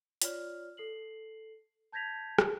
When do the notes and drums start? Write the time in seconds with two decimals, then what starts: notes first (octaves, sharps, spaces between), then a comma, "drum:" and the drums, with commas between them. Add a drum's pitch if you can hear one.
0.22 F4 C#5 D5 F6, drum: hi-hat
0.77 A4 C7 F#7
1.92 A5 G6 G#6 A#6 B6 F7
2.39 drum: rim click